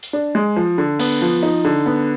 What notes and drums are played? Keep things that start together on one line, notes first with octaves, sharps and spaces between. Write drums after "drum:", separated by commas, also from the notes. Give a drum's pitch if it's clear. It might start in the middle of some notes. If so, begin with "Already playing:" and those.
drum: open hi-hat
D4
G#3
F3
D3
B3, drum: cymbal
F3
D#4
D3
B3